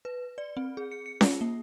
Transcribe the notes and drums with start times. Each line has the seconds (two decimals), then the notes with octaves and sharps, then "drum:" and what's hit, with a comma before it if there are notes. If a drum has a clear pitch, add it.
0.05 B4
0.38 D5
0.57 C4
0.77 G#4
0.91 C#7
1.06 C#7
1.21 F4, drum: snare C#4
1.41 A#3